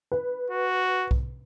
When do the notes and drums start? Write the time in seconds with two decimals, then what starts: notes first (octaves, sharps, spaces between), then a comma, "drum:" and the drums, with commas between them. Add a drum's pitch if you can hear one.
0.12 B4
0.50 F#4
1.11 drum: kick B1